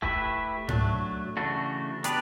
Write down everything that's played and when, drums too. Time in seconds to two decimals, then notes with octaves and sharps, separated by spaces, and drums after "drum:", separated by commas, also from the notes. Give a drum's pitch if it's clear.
0.02 A3 E4 G4 B4 E5, drum: kick E1
0.69 F#3 A3 D4, drum: tom G#2
1.37 C#3 E3 A3 D4 F#4
2.04 B3 D4 G4 B4 D5, drum: hi-hat